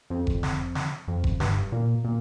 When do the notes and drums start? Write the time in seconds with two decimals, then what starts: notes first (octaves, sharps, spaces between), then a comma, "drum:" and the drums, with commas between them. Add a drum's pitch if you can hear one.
0.10 F2
0.27 drum: kick F1
0.43 drum: snare
0.75 drum: snare
1.08 F2
1.24 drum: kick F1
1.40 G2, drum: snare
1.72 A#2
2.05 A#2